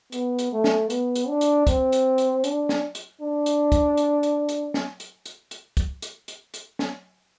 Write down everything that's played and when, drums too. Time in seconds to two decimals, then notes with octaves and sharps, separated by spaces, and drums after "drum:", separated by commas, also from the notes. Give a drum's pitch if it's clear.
0.12 B3, drum: hi-hat
0.39 drum: hi-hat
0.52 A3
0.64 drum: snare
0.90 B3, drum: hi-hat
1.15 drum: hi-hat
1.28 D4
1.41 drum: hi-hat
1.67 C4, drum: kick, hi-hat
1.92 drum: hi-hat
2.18 drum: hi-hat
2.44 D4, drum: hi-hat
2.69 drum: snare
2.95 drum: hi-hat
3.21 D4
3.46 drum: hi-hat
3.72 drum: kick, hi-hat
3.97 drum: hi-hat
4.23 drum: hi-hat
4.49 drum: hi-hat
4.74 drum: snare
5.00 drum: hi-hat
5.26 drum: hi-hat
5.51 drum: hi-hat
5.77 drum: kick, hi-hat
6.02 drum: hi-hat
6.28 drum: hi-hat
6.54 drum: hi-hat
6.79 drum: snare